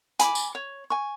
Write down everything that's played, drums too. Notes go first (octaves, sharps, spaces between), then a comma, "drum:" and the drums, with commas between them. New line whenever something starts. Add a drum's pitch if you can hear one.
G#5 B5 D6, drum: hi-hat
drum: tambourine
C#5
G#5 C#6